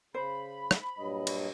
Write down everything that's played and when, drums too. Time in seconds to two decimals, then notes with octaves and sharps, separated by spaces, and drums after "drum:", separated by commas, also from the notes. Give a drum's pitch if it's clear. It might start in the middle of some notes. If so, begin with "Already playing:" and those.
0.14 C#3 C5 B5
0.71 drum: rim click
0.98 G2 A#2 F#3 D#5
1.27 drum: cymbal